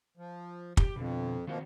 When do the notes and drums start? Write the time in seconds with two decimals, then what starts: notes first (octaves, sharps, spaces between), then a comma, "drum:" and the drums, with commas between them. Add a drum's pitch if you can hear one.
0.17 F3
0.77 G4, drum: kick
0.96 F2 B2 D3
1.47 B2 D#3 F3 A#3 C4 F#4